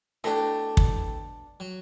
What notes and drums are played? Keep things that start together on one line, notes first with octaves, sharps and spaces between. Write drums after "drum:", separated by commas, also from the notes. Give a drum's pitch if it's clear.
B2 A3 D4 E4 G4
drum: kick
F#3